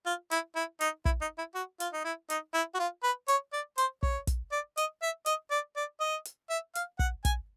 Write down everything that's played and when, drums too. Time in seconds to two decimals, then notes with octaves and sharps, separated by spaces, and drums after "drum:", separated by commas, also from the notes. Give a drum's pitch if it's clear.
0.06 F4
0.31 E4, drum: hi-hat
0.56 E4
0.81 D#4, drum: hi-hat
1.05 E4, drum: kick
1.21 D#4
1.38 E4
1.55 F#4
1.80 F4, drum: hi-hat
1.93 D#4
2.05 E4
2.30 D#4, drum: hi-hat
2.54 E4
2.75 F#4
2.79 F4
3.03 B4
3.28 C#5, drum: hi-hat
3.53 D5
3.78 C5, drum: hi-hat
4.03 C#5, drum: kick
4.27 drum: kick, hi-hat
4.52 D5
4.77 D#5, drum: hi-hat
5.02 E5
5.26 D#5, drum: hi-hat
5.51 D5
5.76 D5
6.00 D#5
6.25 drum: hi-hat
6.50 E5
6.75 F5, drum: hi-hat
6.99 F#5, drum: kick
7.25 G#5, drum: kick, hi-hat